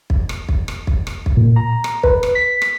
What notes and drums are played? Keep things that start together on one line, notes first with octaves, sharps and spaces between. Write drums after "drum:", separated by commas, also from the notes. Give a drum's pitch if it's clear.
drum: kick
drum: rim click
drum: kick
drum: rim click
drum: kick
drum: rim click
drum: kick
A#2
A#5
drum: rim click
B4, drum: kick
drum: rim click
B6
drum: rim click